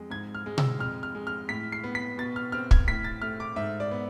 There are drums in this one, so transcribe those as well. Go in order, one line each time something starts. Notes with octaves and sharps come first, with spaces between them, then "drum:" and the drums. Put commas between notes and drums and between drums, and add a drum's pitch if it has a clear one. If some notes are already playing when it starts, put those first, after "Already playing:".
Already playing: F2 G#3
G#2 G#6
F6
G#3
E6, drum: tom B2
F2 F6
F6
G#3
F6
A2 B6
C7
B3
B6
B2 A6
F6
C4 F6
G#6, drum: kick
A2 B6
A6
A3 F6
D6
G#2 E5
D5
B3